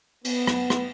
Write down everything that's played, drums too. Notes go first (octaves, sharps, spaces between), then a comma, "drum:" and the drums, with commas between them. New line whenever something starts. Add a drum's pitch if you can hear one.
B3, drum: cymbal
drum: rim click
drum: rim click